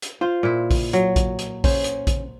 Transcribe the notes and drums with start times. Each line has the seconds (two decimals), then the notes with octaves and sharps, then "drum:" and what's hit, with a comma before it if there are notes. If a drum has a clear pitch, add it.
0.02 drum: hi-hat
0.21 F4 C5
0.43 A#2 E4
0.71 drum: kick A#1, open hi-hat
0.93 F#3, drum: hi-hat
1.16 drum: kick A#1, hi-hat
1.39 drum: hi-hat
1.64 C#4 C5, drum: kick A#1, open hi-hat
1.84 drum: hi-hat
2.07 drum: kick A#1, hi-hat